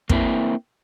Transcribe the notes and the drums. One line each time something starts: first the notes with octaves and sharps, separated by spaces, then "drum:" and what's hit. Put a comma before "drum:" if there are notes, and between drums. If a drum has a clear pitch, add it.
A#3 C4 E4, drum: kick